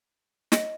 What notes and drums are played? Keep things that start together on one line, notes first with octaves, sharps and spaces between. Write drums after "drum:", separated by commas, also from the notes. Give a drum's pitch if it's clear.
D#5, drum: snare